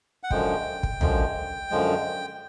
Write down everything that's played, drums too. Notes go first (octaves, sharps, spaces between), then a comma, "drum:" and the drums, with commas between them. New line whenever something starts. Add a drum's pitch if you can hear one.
F#5
F#2 D3 F3 G#3 G5, drum: kick
drum: kick
F#2 D3 F3 G#3, drum: tom
F#2 D3 F3 G#3